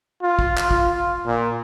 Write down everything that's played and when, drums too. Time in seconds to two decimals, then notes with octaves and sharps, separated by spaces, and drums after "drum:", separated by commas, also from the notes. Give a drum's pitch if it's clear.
0.22 F4
0.39 drum: kick
0.57 drum: clap
0.71 F4, drum: kick
1.26 A#2